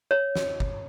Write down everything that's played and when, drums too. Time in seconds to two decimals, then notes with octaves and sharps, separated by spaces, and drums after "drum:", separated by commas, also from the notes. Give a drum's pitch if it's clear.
0.11 C#5
0.36 drum: snare
0.60 drum: kick